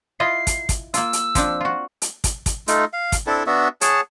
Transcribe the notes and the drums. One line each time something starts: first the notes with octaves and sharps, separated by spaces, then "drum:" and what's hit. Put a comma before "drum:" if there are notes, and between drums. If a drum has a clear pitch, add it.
E4 F4 D#5 C7
drum: kick, hi-hat
drum: kick, hi-hat
A#3 F4 E6, drum: hi-hat
drum: hi-hat
F3 C4 D4, drum: kick, hi-hat
F4 F#4
drum: hi-hat
drum: kick, hi-hat
drum: kick, hi-hat
A3 D#4 F4, drum: hi-hat
F5
drum: kick, hi-hat
C4 D4 E4 A4
B3 D4 F#4 E5
G#4 C#5 F#5 A5, drum: hi-hat